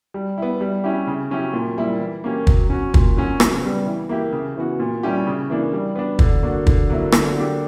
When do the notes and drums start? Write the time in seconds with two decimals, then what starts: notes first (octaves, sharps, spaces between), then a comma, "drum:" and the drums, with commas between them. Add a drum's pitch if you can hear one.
0.14 G3
0.38 B3 E4
0.61 G3
0.84 C#4 E4 G4
1.07 C#3
1.30 F#3 C#4 E4 G4
1.54 A#2
1.77 G3 A#3 E4
2.00 E3
2.24 A#3 C#4 G4
2.47 F#3, drum: kick
2.70 C#4 F#4
2.94 A#2, drum: kick
3.17 F#3 C#4 F#4
3.40 C#3, drum: rim click
3.63 G3 B3
3.86 E3
4.09 A#3 E4 G4
4.33 C#3
4.56 E3 B3 F#4
4.80 A#2
5.03 G3 C#4 E4 G4
5.27 C#3
5.50 E3 A#3 D4
5.73 G3
5.96 B3 D4
6.19 D3, drum: kick
6.43 A#3 D4 F#4
6.67 D3, drum: kick
6.90 F#3 A#3 E4
7.12 D3, drum: rim click
7.36 A#3 D4 G4